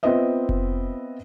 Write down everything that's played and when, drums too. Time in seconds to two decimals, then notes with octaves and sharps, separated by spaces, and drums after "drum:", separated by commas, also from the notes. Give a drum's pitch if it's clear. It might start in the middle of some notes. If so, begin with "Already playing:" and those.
0.03 B3 C4 F4 B4 D#5 E5
0.49 drum: kick F1